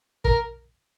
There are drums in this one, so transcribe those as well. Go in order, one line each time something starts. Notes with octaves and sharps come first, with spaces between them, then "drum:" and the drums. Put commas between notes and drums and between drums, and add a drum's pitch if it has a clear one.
A#4, drum: kick